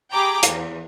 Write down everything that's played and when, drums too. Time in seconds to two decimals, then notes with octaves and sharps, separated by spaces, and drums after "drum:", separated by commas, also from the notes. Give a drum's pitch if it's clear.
0.11 G4 G#4 G5 A#5 B5 D6
0.43 E2, drum: hi-hat